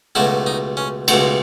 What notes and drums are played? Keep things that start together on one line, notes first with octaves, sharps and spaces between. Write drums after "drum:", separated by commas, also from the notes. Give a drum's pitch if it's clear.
C#2 B2 F#3 A3 E4
D#4
C#4
C#2 B2 F#3 A3 C4, drum: cymbal